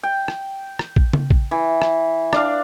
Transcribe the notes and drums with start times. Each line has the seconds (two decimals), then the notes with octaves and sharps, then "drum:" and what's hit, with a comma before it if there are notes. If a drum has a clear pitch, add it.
0.03 G5
0.28 drum: rim click
0.79 drum: rim click
0.96 drum: kick
1.13 drum: tom C#3
1.30 drum: kick
1.51 E3
1.82 drum: rim click
2.33 D4 D5 F5, drum: rim click